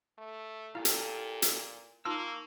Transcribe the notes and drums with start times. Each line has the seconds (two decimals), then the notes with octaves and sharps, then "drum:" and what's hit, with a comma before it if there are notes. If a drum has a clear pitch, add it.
0.18 A3
0.75 A#2 E4 G4 A4 F5
0.85 drum: hi-hat
1.42 drum: hi-hat
2.05 A#3 D#4 F4 C6 C#6 E6